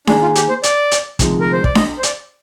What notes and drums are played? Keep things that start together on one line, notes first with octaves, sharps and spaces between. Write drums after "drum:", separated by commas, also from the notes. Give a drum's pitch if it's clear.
D#3 A#3 D4 D#4 G#4, drum: snare D4
F4
G4, drum: hi-hat
C5
D5, drum: hi-hat
drum: hi-hat
D2 C3 F3 G#3 D#4, drum: kick, hi-hat
A#4
C5
D5, drum: kick
D#5, drum: snare D4
C5
D5, drum: hi-hat